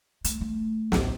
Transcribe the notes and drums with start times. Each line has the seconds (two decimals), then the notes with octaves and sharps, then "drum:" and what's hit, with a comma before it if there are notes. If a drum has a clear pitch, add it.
0.24 A3, drum: hi-hat
0.41 A3
0.92 A1 D2, drum: snare